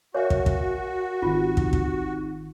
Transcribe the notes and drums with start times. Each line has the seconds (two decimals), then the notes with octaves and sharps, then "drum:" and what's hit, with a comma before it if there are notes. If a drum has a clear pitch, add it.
0.15 F#4 A#4 C#5 E5 F5 G#5
0.30 drum: kick
0.46 drum: kick
1.22 G#1 D#3 C4 D#4 F4 G4
1.57 drum: kick
1.73 drum: kick